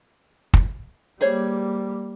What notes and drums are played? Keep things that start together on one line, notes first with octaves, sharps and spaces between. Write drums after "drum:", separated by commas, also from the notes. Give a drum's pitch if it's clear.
drum: kick
G3 A#3 G#4 C5 C#5